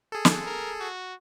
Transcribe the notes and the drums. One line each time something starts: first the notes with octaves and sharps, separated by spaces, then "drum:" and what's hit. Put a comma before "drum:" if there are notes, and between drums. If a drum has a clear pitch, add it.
G#4 A4
drum: snare
A#4
F#4